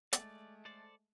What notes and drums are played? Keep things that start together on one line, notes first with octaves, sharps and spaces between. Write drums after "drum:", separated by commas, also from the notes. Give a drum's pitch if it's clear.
G#3 A3 D5, drum: hi-hat
A4 C5 D5